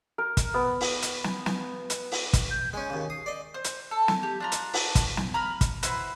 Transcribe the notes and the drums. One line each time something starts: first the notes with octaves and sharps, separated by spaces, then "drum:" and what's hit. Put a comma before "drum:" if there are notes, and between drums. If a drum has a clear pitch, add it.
A#4
drum: kick, hi-hat
B3
drum: open hi-hat
drum: hi-hat
drum: snare
drum: snare
drum: hi-hat
drum: open hi-hat
drum: kick, hi-hat
G6
G#3 C#4 G#5
D#2 C#3
D#6 C7
D5 D#5
C5
drum: hi-hat
A4
drum: snare
G4
D4 F4 A#5
drum: hi-hat
drum: open hi-hat
drum: kick, hi-hat
drum: snare
A#5 B5 F6
drum: kick, hi-hat
E4 F#4 B4 C5, drum: hi-hat